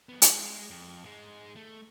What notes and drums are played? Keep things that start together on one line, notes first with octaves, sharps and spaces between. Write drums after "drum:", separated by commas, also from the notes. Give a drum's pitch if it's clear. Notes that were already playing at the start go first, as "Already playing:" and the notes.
F2 B3
G#3, drum: hi-hat
F2
G#2 G#3
A3